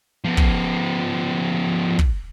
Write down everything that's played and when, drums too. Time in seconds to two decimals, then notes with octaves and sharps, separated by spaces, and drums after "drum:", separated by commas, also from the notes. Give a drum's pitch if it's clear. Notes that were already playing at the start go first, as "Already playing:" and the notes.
0.25 F3 B3
0.37 drum: kick
1.99 drum: kick